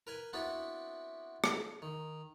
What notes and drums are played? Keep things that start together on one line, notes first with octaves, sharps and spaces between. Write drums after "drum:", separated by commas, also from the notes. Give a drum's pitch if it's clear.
A#4 B4 G#5
B3 C4 D4 E4 F#4 A4
drum: rim click
D#3